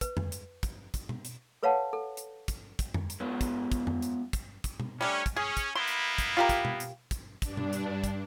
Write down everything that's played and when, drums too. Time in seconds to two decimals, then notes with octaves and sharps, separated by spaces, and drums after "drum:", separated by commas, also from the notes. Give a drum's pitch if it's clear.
0.01 B4, drum: kick, hi-hat
0.17 drum: tom F2
0.32 drum: hi-hat
0.63 drum: kick, hi-hat
0.94 drum: kick, hi-hat
1.09 drum: tom B2
1.25 drum: hi-hat
1.63 A4 B4 C#5 F5 F#5 A5
1.93 A4
2.17 drum: hi-hat
2.48 drum: kick, hi-hat
2.79 drum: kick, hi-hat
2.94 drum: tom F2
3.10 drum: hi-hat
3.20 G#3 B3 F4 B4 C#5 F5
3.41 drum: kick, hi-hat
3.72 drum: kick, hi-hat
3.87 drum: tom F2
4.02 drum: hi-hat
4.33 drum: kick, hi-hat
4.64 drum: kick, hi-hat
4.80 drum: tom B2
5.01 G3 A3 C#4 D4
5.26 drum: kick, hi-hat
5.36 C#4 G#4
5.57 drum: kick, hi-hat
5.75 A#3 B3 E4 C6
5.88 drum: hi-hat
6.18 drum: kick, hi-hat
6.37 F4 G4 A#4
6.49 drum: kick, hi-hat
6.65 drum: tom B2
6.80 drum: hi-hat
7.11 drum: kick, hi-hat
7.42 G2 D4, drum: kick, hi-hat
7.57 drum: tom B2
7.73 drum: hi-hat
8.04 drum: kick, hi-hat